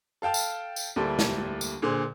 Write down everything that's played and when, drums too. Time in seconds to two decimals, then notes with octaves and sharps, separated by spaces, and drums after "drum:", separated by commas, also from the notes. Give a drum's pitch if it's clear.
0.22 A4 F5 G5 A5 F6
0.34 drum: tambourine
0.76 drum: tambourine
0.96 D2 G3 A#3 E4 A4 C6
1.19 drum: snare
1.61 drum: tambourine
1.82 A#2 D3 G#4 C5